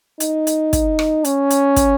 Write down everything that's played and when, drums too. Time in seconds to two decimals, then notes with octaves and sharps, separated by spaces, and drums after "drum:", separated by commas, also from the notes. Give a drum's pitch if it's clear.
0.20 D#4, drum: hi-hat
0.47 drum: hi-hat
0.73 drum: kick, hi-hat
0.99 drum: rim click
1.25 C#4, drum: hi-hat
1.51 drum: hi-hat
1.76 drum: kick, hi-hat